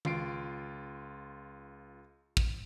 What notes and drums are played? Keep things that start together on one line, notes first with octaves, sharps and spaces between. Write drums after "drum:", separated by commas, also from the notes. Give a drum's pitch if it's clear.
C#2 F4 C7 D7, drum: tom D#3
drum: kick